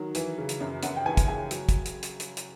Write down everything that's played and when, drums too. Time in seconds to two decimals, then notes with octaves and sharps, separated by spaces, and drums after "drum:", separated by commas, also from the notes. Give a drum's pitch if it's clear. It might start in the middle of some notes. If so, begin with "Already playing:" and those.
Already playing: D#3 F#3
0.15 E3, drum: hi-hat
0.38 C#3
0.49 drum: hi-hat
0.60 F#2
0.83 F#2 F#5, drum: hi-hat
0.96 G5
1.05 E3 G#5
1.17 drum: kick, hi-hat
1.28 C#3 G#5
1.51 F#3, drum: hi-hat
1.69 drum: kick, hi-hat
1.86 drum: hi-hat
2.03 drum: hi-hat
2.20 drum: hi-hat
2.37 drum: hi-hat